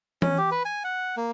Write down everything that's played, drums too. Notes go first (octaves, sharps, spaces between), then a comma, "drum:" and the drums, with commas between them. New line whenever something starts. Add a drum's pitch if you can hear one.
C#4, drum: tom E3
G4
B4
G#5
F#5
A#3